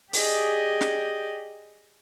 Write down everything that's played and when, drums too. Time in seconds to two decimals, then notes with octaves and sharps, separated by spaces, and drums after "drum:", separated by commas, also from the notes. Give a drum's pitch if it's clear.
0.13 G4 G#4 D5 D#5, drum: open hi-hat
0.81 drum: snare